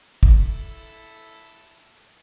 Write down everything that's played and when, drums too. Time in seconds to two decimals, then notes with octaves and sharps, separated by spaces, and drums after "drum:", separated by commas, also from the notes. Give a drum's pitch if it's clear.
0.23 E4 A4, drum: kick